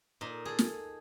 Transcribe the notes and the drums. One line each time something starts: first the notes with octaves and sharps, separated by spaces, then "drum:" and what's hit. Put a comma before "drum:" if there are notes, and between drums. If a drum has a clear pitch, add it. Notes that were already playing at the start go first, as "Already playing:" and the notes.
A#2 D#4
G#4 A4
drum: snare